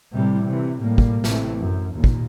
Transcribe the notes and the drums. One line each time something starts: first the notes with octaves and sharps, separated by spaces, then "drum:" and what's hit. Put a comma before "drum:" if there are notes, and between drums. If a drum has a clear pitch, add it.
A2 C3 E3 G3
C3 E3
A2 G3 A#3
drum: kick
A1 A2 C3 E3 A3, drum: snare
F#2
D#2 A#2
drum: kick